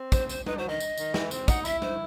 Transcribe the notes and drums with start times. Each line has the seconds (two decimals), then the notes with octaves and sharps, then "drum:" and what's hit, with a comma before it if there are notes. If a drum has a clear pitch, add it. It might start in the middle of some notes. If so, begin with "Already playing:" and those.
Already playing: C4
0.12 C5, drum: kick, tambourine
0.29 C5, drum: tambourine
0.46 D#4 B4, drum: tom G3
0.58 F#3 C5
0.69 D#3 D#5
0.80 drum: tambourine
0.98 D#3, drum: tambourine
1.14 E3, drum: snare
1.31 C4, drum: tambourine
1.48 D#4 F#5, drum: kick, tambourine
1.65 E4 E5, drum: tambourine
1.82 C5, drum: tom G3